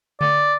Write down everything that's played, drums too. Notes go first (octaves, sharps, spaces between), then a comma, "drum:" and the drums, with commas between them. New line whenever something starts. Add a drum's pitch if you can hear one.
D5, drum: tom D3